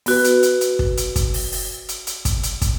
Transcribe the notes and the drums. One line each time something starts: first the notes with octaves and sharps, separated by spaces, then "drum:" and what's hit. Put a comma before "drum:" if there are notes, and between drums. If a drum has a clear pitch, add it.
B3 F#4 B4, drum: open hi-hat
drum: hi-hat
drum: hi-hat
drum: hi-hat
drum: kick
drum: hi-hat
drum: kick, hi-hat
drum: open hi-hat
drum: open hi-hat
drum: hi-hat
drum: hi-hat
drum: kick, hi-hat
drum: hi-hat
drum: kick, hi-hat